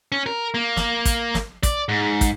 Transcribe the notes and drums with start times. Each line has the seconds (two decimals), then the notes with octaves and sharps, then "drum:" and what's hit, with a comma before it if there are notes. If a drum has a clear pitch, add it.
0.12 C#4
0.26 A#4
0.54 A#3
0.77 drum: snare
1.05 drum: kick, hi-hat
1.34 drum: snare
1.63 D5, drum: kick, hi-hat
1.89 G#2
2.21 drum: kick, hi-hat